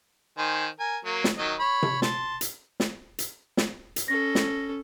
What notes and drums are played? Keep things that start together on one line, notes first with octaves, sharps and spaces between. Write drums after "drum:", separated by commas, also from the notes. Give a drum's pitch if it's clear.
D#3 C5 G#5
A#4 G#5
F#3 A#3
drum: snare
D#3 F#3 D#5
C#5 B5
drum: tom C3
A5 C6, drum: snare
drum: hi-hat
drum: snare
drum: hi-hat
drum: snare
drum: hi-hat
C#4 A4 A#6
drum: snare